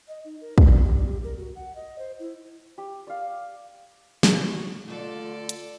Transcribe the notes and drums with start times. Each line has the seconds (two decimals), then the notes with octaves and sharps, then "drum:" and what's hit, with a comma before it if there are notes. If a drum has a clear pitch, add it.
0.08 D#5
0.25 D#4
0.41 A#4
0.58 D5, drum: kick
0.84 G4
1.05 G4
1.24 A#4
1.38 F#4
1.56 F#5
1.75 D#5
1.99 C5
2.19 E4
2.78 G4
3.07 D5 F5
4.23 C#3 F#4, drum: snare
4.88 D3 A3 F4 A4 D5
5.49 drum: hi-hat